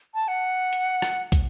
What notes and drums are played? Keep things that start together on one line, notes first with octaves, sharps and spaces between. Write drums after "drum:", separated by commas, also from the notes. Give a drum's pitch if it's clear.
A5
F#5
drum: hi-hat
drum: rim click
drum: kick, hi-hat